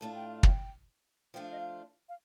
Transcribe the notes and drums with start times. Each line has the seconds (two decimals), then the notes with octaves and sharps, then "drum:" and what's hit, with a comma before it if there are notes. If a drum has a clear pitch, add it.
0.01 A2 A3 D4 F4 A5
0.15 G5
0.29 F5
0.43 G5, drum: kick
1.34 F3 A3 D4 F4 G5
1.43 F5
1.52 D#5
1.60 F5
2.09 F5